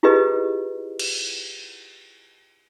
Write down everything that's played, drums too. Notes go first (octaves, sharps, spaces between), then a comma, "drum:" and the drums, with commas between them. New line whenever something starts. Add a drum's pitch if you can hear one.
E4 F4 G4 G#4 B4 D#5
drum: cymbal